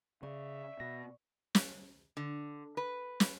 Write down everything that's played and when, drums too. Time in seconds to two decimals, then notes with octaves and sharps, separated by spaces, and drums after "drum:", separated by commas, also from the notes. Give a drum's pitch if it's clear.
0.23 C#3 D5 E5 C#6
0.80 B2 A#6
1.55 drum: snare
2.17 D3
2.77 B4
3.20 drum: snare